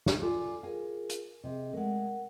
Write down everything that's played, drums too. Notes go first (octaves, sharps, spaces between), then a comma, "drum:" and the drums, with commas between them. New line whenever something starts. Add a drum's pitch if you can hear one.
drum: snare
F4 A4 D5 G#5 D6
F4 G#4 A#4 F5 G#5
drum: hi-hat
C3 C4 G#4 D#5
G#3 A3 A#4 F#5